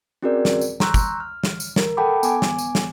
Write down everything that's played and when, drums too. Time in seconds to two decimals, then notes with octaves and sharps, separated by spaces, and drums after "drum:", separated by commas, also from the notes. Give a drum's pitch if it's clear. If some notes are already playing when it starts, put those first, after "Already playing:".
0.22 C4 C#4 F#4 G#4 A#4 D5
0.45 drum: snare
0.61 drum: tambourine
0.80 A#5 C6 C#6 E6 F#6 G6, drum: snare
0.94 drum: kick, tambourine
1.20 F6
1.44 drum: snare
1.60 drum: tambourine
1.76 A#4, drum: snare
1.97 A4 F#5 G5 A5 B5 D6
2.23 B3 G#5 D6, drum: tambourine
2.42 drum: snare
2.58 drum: tambourine
2.75 drum: snare